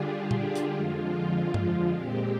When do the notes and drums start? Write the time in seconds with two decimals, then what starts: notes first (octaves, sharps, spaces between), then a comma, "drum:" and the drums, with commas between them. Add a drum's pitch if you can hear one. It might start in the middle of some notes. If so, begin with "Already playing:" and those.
Already playing: D3 G3 D4 F4 G4 G#4
0.12 F4
0.31 drum: tom A#2
0.43 F4
0.55 drum: hi-hat
0.73 F2 D3 F3 G#3
1.54 drum: tom G2
1.93 A#2 G#3 C4 G4